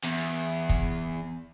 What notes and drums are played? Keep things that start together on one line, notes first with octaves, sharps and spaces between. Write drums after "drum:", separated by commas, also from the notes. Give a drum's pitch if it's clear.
E2
drum: kick